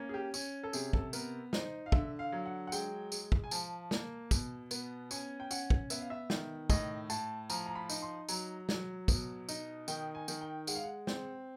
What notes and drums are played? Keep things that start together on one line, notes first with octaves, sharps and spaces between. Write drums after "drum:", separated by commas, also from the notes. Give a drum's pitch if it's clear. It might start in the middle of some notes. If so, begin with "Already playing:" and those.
Already playing: A#3 C#4
G#4
G4
C#4, drum: tambourine
A4
C3 G#4, drum: tambourine
A4, drum: kick
B3 A#4, drum: tambourine
D#4 C5, drum: snare
F5
D3 E5, drum: kick
F5
F#3
F#5
F#5
G#3 G5, drum: tambourine
G#3, drum: tambourine
drum: kick
G#5
F3 A5, drum: tambourine
A#3, drum: snare
B2, drum: kick, tambourine
B3, drum: tambourine
C#4 G#5, drum: tambourine
G5
C#4 F#5, drum: tambourine
drum: kick
B3 E5, drum: tambourine
F5
E5
D#3, drum: snare
A2 D#5, drum: kick, tambourine
A2 A5, drum: tambourine
F3 A#5, drum: tambourine
A#5
B5
D#4, drum: tambourine
C6
F#3 A#5, drum: tambourine
F#3, drum: snare
B2, drum: kick, tambourine
D#4, drum: tambourine
D#3 G5, drum: tambourine
G#5
D#3, drum: tambourine
G5
G#3 F#5, drum: tambourine
F5
F#5
C4, drum: snare